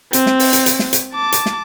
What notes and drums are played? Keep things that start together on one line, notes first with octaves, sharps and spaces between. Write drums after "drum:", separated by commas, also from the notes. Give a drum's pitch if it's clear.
C4, drum: hi-hat
drum: snare
drum: open hi-hat
drum: hi-hat
drum: hi-hat
drum: snare
drum: hi-hat
A5 D6
drum: hi-hat
drum: snare